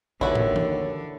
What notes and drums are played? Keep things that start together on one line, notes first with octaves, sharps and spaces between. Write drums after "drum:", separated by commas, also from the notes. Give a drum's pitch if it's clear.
D#2 D3 E4 F#4 B4 C#5, drum: kick
drum: tom
drum: tom E3